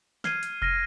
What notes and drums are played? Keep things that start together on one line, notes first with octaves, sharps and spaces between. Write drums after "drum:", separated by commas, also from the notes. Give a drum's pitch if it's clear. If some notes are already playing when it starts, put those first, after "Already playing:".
F6 G#6 C7 D#7, drum: snare
drum: hi-hat
F6 A#6 D#7, drum: kick F1